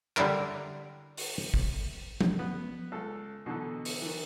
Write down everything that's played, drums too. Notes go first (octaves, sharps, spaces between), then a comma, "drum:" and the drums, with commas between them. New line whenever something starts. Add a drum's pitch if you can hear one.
D3 G3 D4 E4 A#4, drum: clap
drum: open hi-hat
drum: kick
drum: tom F3
B3
C#2 A4
B2 D3 E3 D#4 A4
drum: open hi-hat
D#3 E3